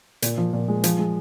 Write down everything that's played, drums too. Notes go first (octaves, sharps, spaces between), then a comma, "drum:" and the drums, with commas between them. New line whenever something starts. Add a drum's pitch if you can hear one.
A#2, drum: hi-hat
F3
A#2
G#3
F3, drum: hi-hat
G#3